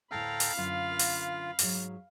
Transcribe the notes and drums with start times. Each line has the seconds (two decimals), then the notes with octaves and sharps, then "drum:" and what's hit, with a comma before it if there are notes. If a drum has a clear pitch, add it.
0.11 D2 A2 A4 F5 G5 A#5 B5
0.40 drum: open hi-hat
0.58 F#2 D3 A3 F4
0.99 drum: open hi-hat
1.59 G#2 F#3, drum: open hi-hat